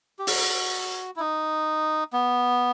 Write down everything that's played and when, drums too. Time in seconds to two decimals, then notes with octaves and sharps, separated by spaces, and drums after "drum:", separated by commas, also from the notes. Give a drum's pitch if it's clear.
0.19 G4
0.27 F#4, drum: open hi-hat
1.16 E4
1.20 D#4
2.13 B3